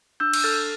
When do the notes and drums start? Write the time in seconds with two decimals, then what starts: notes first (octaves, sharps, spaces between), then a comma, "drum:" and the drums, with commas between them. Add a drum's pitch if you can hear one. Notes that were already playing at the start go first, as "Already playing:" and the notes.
0.20 D4 E6 G6
0.33 drum: cymbal
0.44 A4 F6 A6